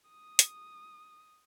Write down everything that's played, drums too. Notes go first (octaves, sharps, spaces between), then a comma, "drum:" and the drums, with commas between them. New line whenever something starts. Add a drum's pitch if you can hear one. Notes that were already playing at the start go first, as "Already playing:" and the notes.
D#6
drum: hi-hat